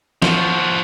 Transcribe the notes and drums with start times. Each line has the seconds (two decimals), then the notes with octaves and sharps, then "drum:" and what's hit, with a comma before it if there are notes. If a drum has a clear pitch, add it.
0.22 F3 F#4, drum: snare